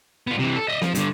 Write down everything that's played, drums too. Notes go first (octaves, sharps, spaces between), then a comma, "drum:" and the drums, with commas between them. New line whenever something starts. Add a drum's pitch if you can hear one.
B3 F4
C3 E3
A4
D#5 E5
F3, drum: snare C4
G2 D3, drum: hi-hat